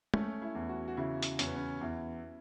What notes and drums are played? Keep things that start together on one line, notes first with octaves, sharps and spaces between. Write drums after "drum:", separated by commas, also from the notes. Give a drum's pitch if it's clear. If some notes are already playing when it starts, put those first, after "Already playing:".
A3 C#4, drum: tom
E4
E2
F#4
F#4
C#3 E4
drum: hi-hat
E2 C#4, drum: hi-hat
B3
C#4
E2 E4